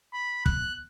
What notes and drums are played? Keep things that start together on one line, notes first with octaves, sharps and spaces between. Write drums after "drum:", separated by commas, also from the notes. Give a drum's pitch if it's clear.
B5
F#6, drum: kick